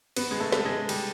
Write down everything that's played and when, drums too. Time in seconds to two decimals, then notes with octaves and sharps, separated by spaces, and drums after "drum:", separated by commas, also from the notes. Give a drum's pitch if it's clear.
0.16 B3, drum: cymbal
0.31 G#3
0.40 A3
0.52 drum: snare
0.65 G#3
0.89 G3, drum: cymbal